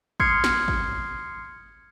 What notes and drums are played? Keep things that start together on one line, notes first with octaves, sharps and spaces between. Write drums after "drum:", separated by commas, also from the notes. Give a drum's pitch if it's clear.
C6 D#6 F6 G#6 C7 C#7, drum: kick
drum: snare
drum: kick